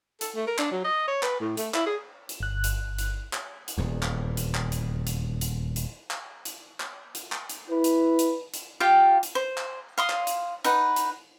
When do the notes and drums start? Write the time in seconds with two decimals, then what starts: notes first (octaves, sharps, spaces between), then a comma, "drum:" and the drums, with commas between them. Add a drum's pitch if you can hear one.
0.21 A4, drum: hi-hat
0.35 A3
0.47 A#4
0.59 D4, drum: clap
0.72 F#3
0.84 D#5
1.08 C#5
1.23 B4, drum: clap
1.40 A2
1.57 A3, drum: hi-hat
1.74 E4, drum: clap
1.86 G#4
2.29 drum: hi-hat
2.40 G1 F#6
2.64 drum: hi-hat
2.99 drum: hi-hat
3.33 drum: clap
3.68 drum: hi-hat
3.78 D#1 E2
4.03 drum: clap
4.37 drum: hi-hat
4.55 drum: clap
4.72 drum: hi-hat
5.07 drum: hi-hat
5.41 drum: hi-hat
5.76 drum: hi-hat
6.11 drum: clap
6.45 drum: hi-hat
6.80 drum: clap
7.15 drum: hi-hat
7.32 drum: clap
7.50 drum: hi-hat
7.70 E4 B4
7.84 drum: hi-hat
8.19 drum: hi-hat
8.54 drum: hi-hat
8.80 F4 G4 F5 G5
9.23 drum: hi-hat
9.35 C5
9.58 drum: clap
9.98 F5 C6 D#6
10.10 drum: clap
10.27 drum: hi-hat
10.64 D#4 B4 F#5, drum: hi-hat
10.96 drum: hi-hat